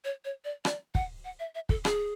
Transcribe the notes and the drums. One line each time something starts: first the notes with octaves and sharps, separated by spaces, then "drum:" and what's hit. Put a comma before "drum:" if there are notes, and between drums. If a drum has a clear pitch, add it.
C#5
C#5
D5
D5, drum: rim click
F#5, drum: kick
F#5
E5
E5
A4, drum: kick
G#4, drum: rim click